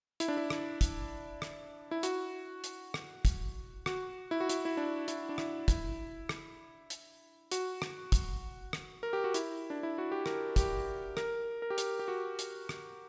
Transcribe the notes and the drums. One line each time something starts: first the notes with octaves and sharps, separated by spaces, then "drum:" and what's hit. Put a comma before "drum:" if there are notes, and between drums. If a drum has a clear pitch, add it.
E4, drum: hi-hat
D4
E4
drum: rim click
drum: kick, hi-hat
drum: rim click
E4
F#4, drum: hi-hat
drum: hi-hat
drum: rim click
drum: kick, hi-hat
F#4, drum: rim click
E4
F#4
E4, drum: hi-hat
E4
D4
E4, drum: hi-hat
D4
E4, drum: rim click
E4, drum: kick, hi-hat
drum: rim click
drum: hi-hat
F#4, drum: hi-hat
drum: rim click
drum: kick, hi-hat
drum: rim click
A#4
G4
F#4
E4, drum: hi-hat
D4
E4
F#4
G4
A#4, drum: rim click
G4, drum: kick, hi-hat
A#4, drum: rim click
A#4
G4
A#4, drum: hi-hat
G4
F#4
drum: hi-hat
drum: rim click